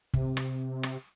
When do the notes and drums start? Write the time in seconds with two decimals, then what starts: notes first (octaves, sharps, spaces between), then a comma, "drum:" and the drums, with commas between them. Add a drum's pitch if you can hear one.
0.14 C3, drum: kick
0.37 drum: rim click
0.83 drum: rim click